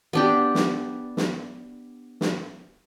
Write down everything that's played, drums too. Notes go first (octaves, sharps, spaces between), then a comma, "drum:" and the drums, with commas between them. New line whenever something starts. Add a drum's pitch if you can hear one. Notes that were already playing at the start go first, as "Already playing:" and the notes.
B3 D4 G4
drum: snare
drum: snare
drum: snare